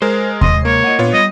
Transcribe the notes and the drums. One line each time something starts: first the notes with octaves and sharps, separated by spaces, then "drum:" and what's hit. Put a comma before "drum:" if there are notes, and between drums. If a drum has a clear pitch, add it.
G#3 A#4 C5
C3 G#3 D#5 C6, drum: kick D#2
A#3 C#5
F4 D#5 F#5
A#2 B3 D4 F4 C#5
G3 D#5